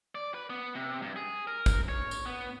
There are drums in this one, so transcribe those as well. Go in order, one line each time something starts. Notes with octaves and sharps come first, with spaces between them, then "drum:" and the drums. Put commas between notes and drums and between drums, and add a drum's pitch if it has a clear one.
D5
B4
B3
C3
G2
G#4
A#4
drum: kick, tambourine
C#5
drum: tambourine
B3